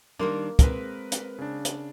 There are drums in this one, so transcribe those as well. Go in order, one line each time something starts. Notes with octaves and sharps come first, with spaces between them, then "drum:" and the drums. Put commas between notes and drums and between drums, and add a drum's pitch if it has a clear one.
D#3 G3 A#3 D4 D#4 C6
G#3 C4 A#4 B4, drum: kick, hi-hat
drum: hi-hat
C#3 D4
drum: hi-hat